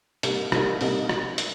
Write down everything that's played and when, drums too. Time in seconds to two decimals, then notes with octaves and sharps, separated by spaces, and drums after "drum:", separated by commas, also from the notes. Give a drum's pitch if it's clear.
0.23 C2 C3 G3 A#3 D#4, drum: hi-hat
0.52 C2 C3 G3 A#3 D#4, drum: rim click
0.81 C2 C3 G3 A#3 D#4, drum: open hi-hat
1.09 drum: rim click
1.38 drum: hi-hat